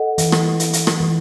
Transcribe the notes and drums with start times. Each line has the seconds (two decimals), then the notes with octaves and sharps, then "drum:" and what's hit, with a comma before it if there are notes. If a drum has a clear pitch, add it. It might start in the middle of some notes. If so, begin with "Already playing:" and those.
Already playing: A4 D#5 F#5
0.18 E3, drum: hi-hat
0.32 drum: rim click
0.60 drum: hi-hat
0.73 drum: hi-hat
0.87 drum: rim click
1.00 E3